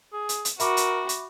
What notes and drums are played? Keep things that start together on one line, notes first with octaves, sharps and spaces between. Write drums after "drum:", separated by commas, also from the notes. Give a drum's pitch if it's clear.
G#4
drum: hi-hat
drum: hi-hat
F#4 A#4 E5 B5 D6, drum: hi-hat
drum: hi-hat
drum: hi-hat